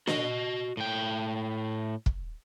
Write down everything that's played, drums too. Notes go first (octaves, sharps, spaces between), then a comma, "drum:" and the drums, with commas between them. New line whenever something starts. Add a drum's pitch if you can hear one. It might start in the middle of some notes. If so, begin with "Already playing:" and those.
F#4 D#5, drum: snare
A2 G5
drum: kick